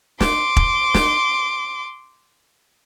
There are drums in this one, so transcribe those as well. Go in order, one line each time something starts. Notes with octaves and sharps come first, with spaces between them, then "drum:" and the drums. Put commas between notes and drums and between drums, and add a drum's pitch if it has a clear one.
C6 D6, drum: snare
drum: kick E1
drum: snare